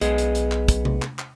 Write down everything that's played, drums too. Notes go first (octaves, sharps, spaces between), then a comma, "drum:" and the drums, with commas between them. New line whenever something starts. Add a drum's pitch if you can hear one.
B1 B3 G#4 D#5, drum: hi-hat
drum: hi-hat
drum: hi-hat
drum: clap
drum: kick, hi-hat
drum: tom C3
drum: clap
drum: clap